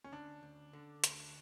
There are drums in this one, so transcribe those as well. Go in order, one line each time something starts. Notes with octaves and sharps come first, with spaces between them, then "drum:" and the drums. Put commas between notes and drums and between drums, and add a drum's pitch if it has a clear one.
C#4
D2 D4
D2
D3
D2, drum: hi-hat